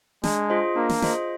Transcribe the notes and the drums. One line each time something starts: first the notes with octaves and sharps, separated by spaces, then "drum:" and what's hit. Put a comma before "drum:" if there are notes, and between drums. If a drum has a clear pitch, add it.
G#3 D4, drum: snare
F4 G#4 C5 D#5
A#3 D4
drum: snare
F4 G#4 C5 D#5, drum: snare